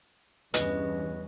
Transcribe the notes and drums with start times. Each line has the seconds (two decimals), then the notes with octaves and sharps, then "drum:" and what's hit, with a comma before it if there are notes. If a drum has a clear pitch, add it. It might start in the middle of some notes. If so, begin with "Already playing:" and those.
0.54 E2 G2 C#4 B4 D#5, drum: hi-hat